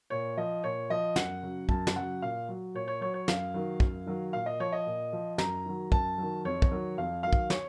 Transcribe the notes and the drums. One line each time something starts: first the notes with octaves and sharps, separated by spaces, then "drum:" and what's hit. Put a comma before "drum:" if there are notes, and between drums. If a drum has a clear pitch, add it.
A#2 C#5
F3 D#5
A#2 C#5
F3 D#5
F#2 F#5, drum: snare
C#3 F#3
F#2 A5, drum: kick
drum: snare
C#3 F#3 F#5
A#2 F5
F#3
A#2 C#5
C#5
F#3 C#5
C#5
F#2 F5, drum: snare
D#3 F#3
F#2, drum: kick
D#3 F#3
A#2 F5
D#5
F3 C#5
D#5
A#2
F3
F#2 A#5, drum: snare
D#3 F#3
F#2 A5, drum: kick
D#3 F#3
F2 C#5
drum: kick
D#3 F#3
F2 F5
D#3 F#3 F5
drum: kick
C#5, drum: snare